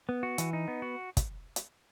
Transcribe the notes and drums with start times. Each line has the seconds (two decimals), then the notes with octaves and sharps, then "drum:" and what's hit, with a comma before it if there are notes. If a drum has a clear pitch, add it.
0.09 B3
0.23 F#4
0.38 E3, drum: hi-hat
0.53 D#4
0.68 B3
0.82 F#4
1.17 drum: kick, hi-hat
1.56 drum: hi-hat